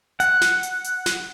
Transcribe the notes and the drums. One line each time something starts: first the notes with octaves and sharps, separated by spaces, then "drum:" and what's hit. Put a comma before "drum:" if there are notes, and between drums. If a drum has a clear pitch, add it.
F#5, drum: hi-hat
drum: snare
drum: hi-hat
drum: hi-hat
drum: snare